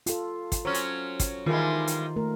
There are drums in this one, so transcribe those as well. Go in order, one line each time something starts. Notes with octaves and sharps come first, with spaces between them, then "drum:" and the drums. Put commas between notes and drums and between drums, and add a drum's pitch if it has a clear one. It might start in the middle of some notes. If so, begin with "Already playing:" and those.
F4 A4, drum: hi-hat
drum: kick, hi-hat
F#3 C#4 C5
drum: hi-hat
drum: kick, hi-hat
D#3 E3 G3 G#3 F4 A#4
drum: hi-hat
A3 A#4